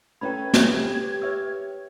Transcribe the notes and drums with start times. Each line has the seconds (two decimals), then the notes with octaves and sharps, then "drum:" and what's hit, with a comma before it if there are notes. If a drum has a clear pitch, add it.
0.21 A3 C#4 B4 G5 A#5 B5 G#6
0.54 F#4 G4, drum: snare
1.22 B4 C#5 E5 E6